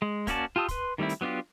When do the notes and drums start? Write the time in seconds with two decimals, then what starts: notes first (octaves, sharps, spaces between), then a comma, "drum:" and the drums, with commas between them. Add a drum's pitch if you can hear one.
0.02 G#3
0.27 A#3 C#4 F#4 D5 A5, drum: kick, hi-hat
0.56 F4 G4 A5 D#6 E6
0.68 B4 C6, drum: kick, hi-hat
0.98 D#3 G3 A3 C4 E4
1.09 drum: hi-hat
1.21 F#3 B3 D4 F4 G4